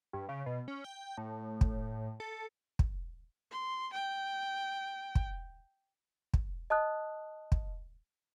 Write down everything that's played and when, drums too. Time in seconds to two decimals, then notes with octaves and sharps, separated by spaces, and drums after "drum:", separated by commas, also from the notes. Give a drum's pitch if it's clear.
0.13 G2
0.29 C#3
0.46 B2
0.68 C#4
0.84 G5
1.18 A2
1.61 drum: kick
2.20 A4
2.79 drum: kick
3.51 C6
3.93 G5
5.15 drum: kick
6.34 drum: kick
6.70 D#5 A5 D#6 F#6
7.52 drum: kick